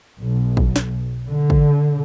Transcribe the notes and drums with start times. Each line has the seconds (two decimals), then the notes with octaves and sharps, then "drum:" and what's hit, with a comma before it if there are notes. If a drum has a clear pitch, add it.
0.20 B1
0.57 drum: kick
0.76 drum: snare
1.30 D3
1.50 drum: kick